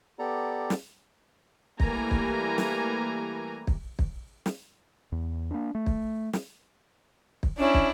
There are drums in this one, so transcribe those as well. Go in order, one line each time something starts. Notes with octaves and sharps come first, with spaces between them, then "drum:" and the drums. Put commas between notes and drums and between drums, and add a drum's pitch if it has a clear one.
B3 G4 A4 D5 A#5
drum: snare
E3 G3 A3 A#3 G#5 A#5, drum: kick
drum: kick
drum: snare
drum: kick
drum: kick
drum: snare
E2
A#3 D4
A3
drum: kick
drum: snare
drum: kick
C#4 D4 E4
drum: kick